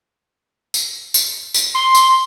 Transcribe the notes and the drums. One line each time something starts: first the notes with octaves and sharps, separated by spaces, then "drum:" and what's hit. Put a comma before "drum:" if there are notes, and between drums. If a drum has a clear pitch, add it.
drum: tambourine
drum: tambourine
drum: tambourine
C6
drum: tambourine